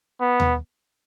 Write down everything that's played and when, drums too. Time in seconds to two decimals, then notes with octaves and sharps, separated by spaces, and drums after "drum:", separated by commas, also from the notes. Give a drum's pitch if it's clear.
0.21 B3
0.40 drum: tom D#2